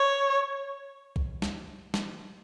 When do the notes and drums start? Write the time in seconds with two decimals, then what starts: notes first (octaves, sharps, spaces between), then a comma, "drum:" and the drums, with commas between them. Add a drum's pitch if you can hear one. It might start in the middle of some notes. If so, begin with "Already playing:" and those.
Already playing: C#5
1.16 drum: kick B1
1.42 drum: snare
1.94 drum: snare